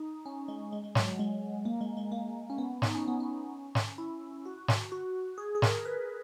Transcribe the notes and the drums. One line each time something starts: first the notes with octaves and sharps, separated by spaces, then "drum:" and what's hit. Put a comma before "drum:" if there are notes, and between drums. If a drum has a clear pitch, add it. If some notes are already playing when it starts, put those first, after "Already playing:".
Already playing: D#4
C#4
G#3
G#3
G#3
F#3, drum: snare
F#3
G#3
A#3
G#3
G#3
A#3
C#4
B3
D#4, drum: snare
C#4
B3
C#4
drum: snare
E4
F#4
drum: snare
F#4
G#4
G#4
A#4, drum: snare
B4